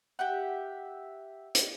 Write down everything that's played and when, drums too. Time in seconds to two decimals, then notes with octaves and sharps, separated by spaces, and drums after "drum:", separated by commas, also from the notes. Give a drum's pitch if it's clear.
0.19 G4 E5 F#5
1.55 drum: hi-hat